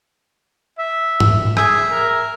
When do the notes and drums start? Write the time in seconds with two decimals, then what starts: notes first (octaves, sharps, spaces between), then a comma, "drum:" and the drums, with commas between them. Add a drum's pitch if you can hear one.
0.78 E5
1.20 drum: tom G#2
1.57 G#4 E5, drum: rim click
1.89 A#4